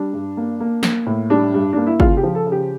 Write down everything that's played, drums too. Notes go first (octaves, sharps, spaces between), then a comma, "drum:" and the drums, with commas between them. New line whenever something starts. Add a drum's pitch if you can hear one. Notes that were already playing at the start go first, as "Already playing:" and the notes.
Already playing: G3 D4
G2
A#3
A#3
A#3, drum: snare
A2
G3 D4
G2
A#3 D4
E4
C#3 F4, drum: kick
G4
F3
A4
C#3
G4